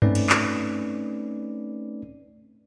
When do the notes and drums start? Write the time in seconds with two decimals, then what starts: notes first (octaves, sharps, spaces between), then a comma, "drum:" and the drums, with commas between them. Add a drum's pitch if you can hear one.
0.02 A3 C4 C#4 D#4 B4 D5, drum: tom G2
0.15 drum: cymbal
0.29 drum: clap